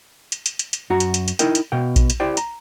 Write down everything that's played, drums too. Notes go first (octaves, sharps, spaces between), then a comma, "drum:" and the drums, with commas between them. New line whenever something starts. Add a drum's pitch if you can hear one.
drum: hi-hat
drum: hi-hat
drum: hi-hat
drum: hi-hat
F#2 F#4 A#5
drum: hi-hat
drum: hi-hat
drum: hi-hat
D#4 E4 A#4 D#5 G5, drum: hi-hat
drum: hi-hat
B2 F5 G5
drum: kick A#1, hi-hat
drum: hi-hat
E4 G4 C5 D5 G5
A#5, drum: hi-hat